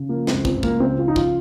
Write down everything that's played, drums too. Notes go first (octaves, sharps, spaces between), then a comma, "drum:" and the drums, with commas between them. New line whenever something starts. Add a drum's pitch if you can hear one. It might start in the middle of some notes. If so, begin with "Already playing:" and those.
Already playing: C#3
F3 A#3
C4, drum: snare
C#2
C4, drum: kick
C#2
A#3, drum: kick
C#3 C4
F4
F3 D#4
F4, drum: kick